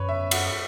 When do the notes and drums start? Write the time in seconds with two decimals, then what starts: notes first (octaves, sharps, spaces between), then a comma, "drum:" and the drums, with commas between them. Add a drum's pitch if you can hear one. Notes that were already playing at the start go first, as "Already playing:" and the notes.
Already playing: F#2 B4 C#5
0.09 E5
0.31 F#5, drum: cymbal